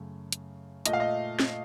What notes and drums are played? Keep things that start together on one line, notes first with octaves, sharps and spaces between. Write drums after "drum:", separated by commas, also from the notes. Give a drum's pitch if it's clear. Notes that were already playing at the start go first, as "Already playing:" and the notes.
Already playing: F#2 C#3 A3
drum: hi-hat
A#2 A3 D#5, drum: hi-hat
F5
D#5
drum: snare